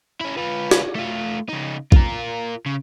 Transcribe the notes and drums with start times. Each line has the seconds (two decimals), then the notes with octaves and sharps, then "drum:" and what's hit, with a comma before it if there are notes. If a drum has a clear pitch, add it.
0.21 C#4 E4
0.37 F4 B4
0.71 drum: snare
0.95 A3 F4
1.49 C#3 D#4
1.92 F4 A#4, drum: kick A#1
2.66 C#3